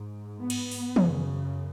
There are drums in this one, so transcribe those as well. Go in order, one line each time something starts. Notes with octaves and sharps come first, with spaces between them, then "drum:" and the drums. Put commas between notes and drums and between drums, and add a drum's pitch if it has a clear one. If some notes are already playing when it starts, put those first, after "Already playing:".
Already playing: G#2
B3
drum: cymbal
drum: open hi-hat
F#2 C#3, drum: tom